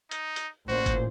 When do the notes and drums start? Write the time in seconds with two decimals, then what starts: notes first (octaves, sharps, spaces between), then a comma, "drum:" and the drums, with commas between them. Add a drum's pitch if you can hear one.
0.11 D#4, drum: hi-hat
0.36 drum: hi-hat
0.68 A1 A#2 F#4 C5
0.86 drum: kick G1, hi-hat